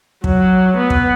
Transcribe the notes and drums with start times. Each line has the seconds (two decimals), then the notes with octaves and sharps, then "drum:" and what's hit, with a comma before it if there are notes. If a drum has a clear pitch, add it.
0.24 F#3, drum: kick
0.76 B3
0.90 drum: kick